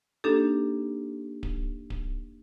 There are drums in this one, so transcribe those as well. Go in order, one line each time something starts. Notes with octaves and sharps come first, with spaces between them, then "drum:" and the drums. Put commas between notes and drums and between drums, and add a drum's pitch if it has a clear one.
A#3 D4 D#4 G4 A4
drum: kick D1
drum: kick D1